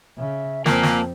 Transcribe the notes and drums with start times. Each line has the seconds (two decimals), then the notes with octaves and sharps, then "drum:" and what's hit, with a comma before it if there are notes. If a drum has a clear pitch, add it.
0.18 C#3 E5
0.66 F2 A#2 A#3 C4 A5, drum: snare
0.83 drum: snare